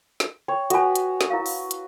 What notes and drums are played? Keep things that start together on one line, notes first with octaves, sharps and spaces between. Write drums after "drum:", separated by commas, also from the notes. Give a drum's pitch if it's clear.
drum: snare
C#5 G5
F#4 A4 B4 G#5, drum: hi-hat
drum: hi-hat
drum: snare
E4 A#4 F5
drum: open hi-hat
drum: hi-hat